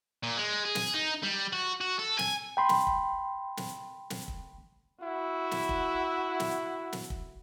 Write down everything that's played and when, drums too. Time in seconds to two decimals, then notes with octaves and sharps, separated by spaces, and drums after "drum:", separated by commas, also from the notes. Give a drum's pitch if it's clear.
0.23 A#2
0.37 G#3
0.65 G#4
0.75 drum: snare
0.94 D#4
1.23 G3
1.53 F#4
1.81 F#4
1.99 A4
2.19 G#5, drum: snare
2.57 G5 B5 C6
2.69 drum: snare
2.87 drum: kick
3.57 drum: snare
4.10 drum: snare
4.28 drum: kick
5.02 E4 F#4
5.51 drum: snare
5.69 drum: kick
6.40 drum: snare
6.93 drum: snare
7.10 drum: kick